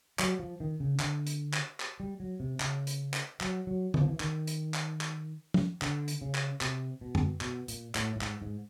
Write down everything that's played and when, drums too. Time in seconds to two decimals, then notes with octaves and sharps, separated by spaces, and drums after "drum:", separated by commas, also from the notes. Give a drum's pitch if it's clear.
0.19 F#3, drum: clap
0.39 F3
0.60 D#3
0.80 C#3
1.00 D3, drum: clap
1.27 drum: hi-hat
1.53 drum: clap
1.80 drum: clap
2.00 G3
2.20 F#3
2.40 C3
2.60 C#3, drum: clap
2.87 drum: hi-hat
3.14 drum: clap
3.41 F#3, drum: clap
3.67 F#3
3.94 E3, drum: tom D3
4.01 F3
4.09 E3
4.20 D#3, drum: clap
4.47 drum: hi-hat
4.74 drum: clap
5.01 drum: clap
5.54 drum: tom
5.82 D3, drum: clap
6.08 drum: hi-hat
6.21 C#3
6.35 drum: clap
6.61 C3, drum: clap
7.01 B2
7.15 drum: tom F#2
7.41 B2, drum: clap
7.68 A#2, drum: hi-hat
7.95 A2, drum: clap
8.16 A2
8.21 G#2, drum: clap
8.42 G#2